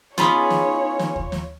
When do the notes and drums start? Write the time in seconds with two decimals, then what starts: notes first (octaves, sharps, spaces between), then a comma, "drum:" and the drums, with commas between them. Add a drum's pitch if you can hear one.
0.18 B3 C#4 D#4 F4 G#4 C#5 B5 D#6, drum: snare
0.50 drum: snare
0.99 drum: snare
1.16 drum: kick D#2
1.32 drum: snare